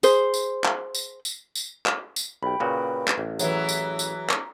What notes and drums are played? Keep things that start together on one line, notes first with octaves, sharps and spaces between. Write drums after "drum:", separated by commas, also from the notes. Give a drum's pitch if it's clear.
G#4 C5, drum: tambourine
drum: tambourine
drum: clap
drum: tambourine
drum: tambourine
drum: tambourine
drum: clap
drum: tambourine
B1 G4 G5 B5
A#2 C#3 F#4 B4
drum: clap
A1
E3 F#3 G#4 C#5 E5 A#5, drum: tambourine
drum: tambourine
drum: tambourine
drum: clap